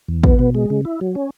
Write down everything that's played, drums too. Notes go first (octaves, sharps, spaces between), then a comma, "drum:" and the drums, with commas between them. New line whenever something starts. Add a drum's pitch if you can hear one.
E2
B3, drum: kick
B2
G#3
C#3
E4
F#3
C#4